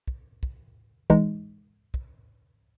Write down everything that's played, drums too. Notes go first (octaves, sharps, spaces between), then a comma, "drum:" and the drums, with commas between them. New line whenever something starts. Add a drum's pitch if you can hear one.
drum: kick
drum: kick
E3 G#3 D#4, drum: kick
drum: kick